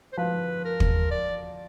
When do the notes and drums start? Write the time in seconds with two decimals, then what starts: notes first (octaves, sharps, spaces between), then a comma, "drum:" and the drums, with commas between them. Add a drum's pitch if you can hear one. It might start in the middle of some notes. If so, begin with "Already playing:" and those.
0.13 C5
0.17 F3 B4
0.65 A#4
0.80 drum: kick
1.11 D5